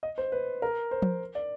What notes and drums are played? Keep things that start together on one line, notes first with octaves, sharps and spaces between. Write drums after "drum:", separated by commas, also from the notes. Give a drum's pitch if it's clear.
D#5
C5
B4
A#4
C5
drum: tom F3
D5